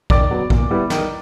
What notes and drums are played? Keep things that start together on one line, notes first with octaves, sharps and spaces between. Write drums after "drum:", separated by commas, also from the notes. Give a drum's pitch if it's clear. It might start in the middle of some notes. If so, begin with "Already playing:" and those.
D#3 D5 D6, drum: kick A#1
F#3 B3
A#2, drum: kick A#1
G3 B3 E4
D#3, drum: snare